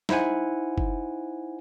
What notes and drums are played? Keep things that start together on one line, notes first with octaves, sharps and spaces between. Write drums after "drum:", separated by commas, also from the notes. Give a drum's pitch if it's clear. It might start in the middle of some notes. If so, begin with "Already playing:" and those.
D#4 E4 C5 F#5 G#5, drum: snare
drum: kick F#1